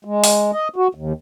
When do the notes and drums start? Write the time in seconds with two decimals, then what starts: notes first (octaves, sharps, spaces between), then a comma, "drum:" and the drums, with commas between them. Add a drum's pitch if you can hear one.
0.05 G#3
0.24 drum: open hi-hat
0.53 D#5
0.76 F#4
0.95 D#2